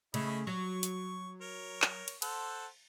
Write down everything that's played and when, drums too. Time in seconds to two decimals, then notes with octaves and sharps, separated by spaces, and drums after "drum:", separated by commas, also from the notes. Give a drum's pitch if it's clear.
0.14 C#3 A3 E4 D#5 B5, drum: cymbal
0.47 F#3 C#6
0.83 drum: hi-hat
1.41 A#4 C#5
1.82 drum: clap
2.08 drum: cymbal
2.22 A4 C5 F#5, drum: cymbal